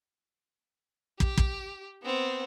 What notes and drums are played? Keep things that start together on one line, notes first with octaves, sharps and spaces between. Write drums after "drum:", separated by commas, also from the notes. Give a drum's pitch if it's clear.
G4, drum: kick
drum: kick
B3 C4